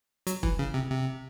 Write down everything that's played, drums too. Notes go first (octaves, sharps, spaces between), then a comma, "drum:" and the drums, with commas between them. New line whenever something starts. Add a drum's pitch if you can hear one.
F#3, drum: hi-hat
E3, drum: kick E1
C#3
C3
C3